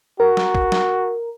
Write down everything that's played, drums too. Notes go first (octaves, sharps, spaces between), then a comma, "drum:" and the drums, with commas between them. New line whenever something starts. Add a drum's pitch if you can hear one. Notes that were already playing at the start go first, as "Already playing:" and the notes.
F#4 A#4
drum: snare
drum: kick
drum: snare